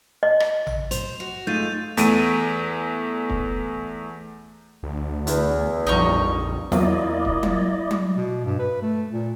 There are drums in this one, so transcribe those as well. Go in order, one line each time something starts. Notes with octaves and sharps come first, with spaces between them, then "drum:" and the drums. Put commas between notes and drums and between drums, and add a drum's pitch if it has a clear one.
D#5
drum: rim click
drum: tom A1
C5 F7, drum: hi-hat
F#4
G#3 A3 D#4 F4 G6 A6 D#7
E2 A3 D7 D#7, drum: hi-hat
drum: kick
D2
E2, drum: hi-hat
A#1 F2 G3 D#4 A#5 C#6
E2 F#3 A#3 C4 E4 F4 D5 D#5, drum: snare
drum: kick
drum: tom F#3
drum: tom F#3
B2
G2
B4
A3
A#2